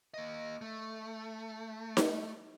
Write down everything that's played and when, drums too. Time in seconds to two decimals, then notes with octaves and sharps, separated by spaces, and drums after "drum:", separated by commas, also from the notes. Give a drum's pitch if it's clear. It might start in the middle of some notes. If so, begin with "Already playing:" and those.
0.14 A#3 D#5
0.61 A3
1.97 drum: snare D#4